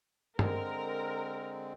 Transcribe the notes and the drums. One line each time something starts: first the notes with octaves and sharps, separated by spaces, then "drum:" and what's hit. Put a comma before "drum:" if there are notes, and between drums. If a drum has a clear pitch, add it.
D3 G#3 C4 A#4, drum: tom